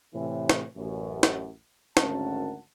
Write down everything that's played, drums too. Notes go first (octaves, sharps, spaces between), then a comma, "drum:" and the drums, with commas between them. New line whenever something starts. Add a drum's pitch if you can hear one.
A2 C3 E3
drum: snare
A1 F#2
drum: snare
G#1 D2 C#4 A#4 F#5 A5, drum: snare